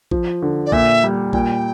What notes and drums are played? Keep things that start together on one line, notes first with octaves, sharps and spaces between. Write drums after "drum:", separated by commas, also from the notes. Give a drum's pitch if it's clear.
F3, drum: kick A1
D3
D5
A#2 E5, drum: kick A1
G3
A#2 G5, drum: kick A1